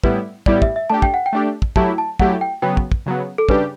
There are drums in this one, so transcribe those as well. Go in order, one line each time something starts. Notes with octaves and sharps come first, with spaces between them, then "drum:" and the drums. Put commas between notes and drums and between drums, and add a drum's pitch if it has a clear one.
A2 G3 B3 E4 G4 B4, drum: kick
A2 G3 B3 E4 G4 D5, drum: kick
E5, drum: kick
E5
A3 D4 G4 A5
G5, drum: kick
F#5
G5
A3 D4 G4
drum: kick
F#3 A3 E4 G4 A5, drum: kick
A5
F#3 A3 E4 G4 F#5, drum: kick
G5
C#3 F#3 B3 G5
drum: kick
drum: kick
C#3 F#3 B3
A4
C#3 G3 D4 G4 B4, drum: kick